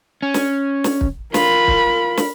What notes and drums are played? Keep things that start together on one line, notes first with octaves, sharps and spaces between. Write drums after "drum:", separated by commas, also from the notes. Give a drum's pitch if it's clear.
C#4
drum: snare
drum: snare
drum: kick
F4 A#4 B5, drum: snare
drum: kick
drum: snare